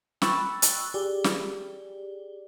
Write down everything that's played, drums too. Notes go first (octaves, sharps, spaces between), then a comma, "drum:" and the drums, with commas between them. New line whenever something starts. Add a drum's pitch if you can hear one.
G5 B5 C#6 E6 F#6 A6, drum: snare
drum: hi-hat
G4 G#4 D5
drum: snare